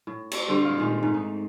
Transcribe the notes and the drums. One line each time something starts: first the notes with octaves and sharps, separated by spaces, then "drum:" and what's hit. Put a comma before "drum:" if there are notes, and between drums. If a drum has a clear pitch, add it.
A2
drum: cymbal
D3 G3 C4 A4
A2 D#5 F5
A#2 D#3 G#3 A3
G#2 A3
D#4